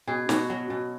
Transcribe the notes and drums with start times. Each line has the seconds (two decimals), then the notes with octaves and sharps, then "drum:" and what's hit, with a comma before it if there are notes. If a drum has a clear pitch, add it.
0.07 B2 G#4
0.29 B2 F#4, drum: snare
0.50 F#3
0.70 B2